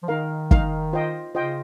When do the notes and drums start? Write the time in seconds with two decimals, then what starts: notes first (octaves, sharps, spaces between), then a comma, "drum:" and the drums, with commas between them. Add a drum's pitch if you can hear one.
0.03 F3
0.08 D#3 D#4 A#4 F5
0.51 D#4 A#4 F5, drum: kick
0.93 F4 C5 D#5 G5
1.34 C#3 F4 C5 D#5 G5